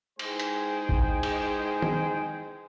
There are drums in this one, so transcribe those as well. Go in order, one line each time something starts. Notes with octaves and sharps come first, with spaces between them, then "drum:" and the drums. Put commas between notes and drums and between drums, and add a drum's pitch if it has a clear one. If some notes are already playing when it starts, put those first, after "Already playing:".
G#3 D#4 E4 G#4 C5 G5, drum: cymbal
drum: hi-hat
drum: kick
drum: cymbal
drum: tom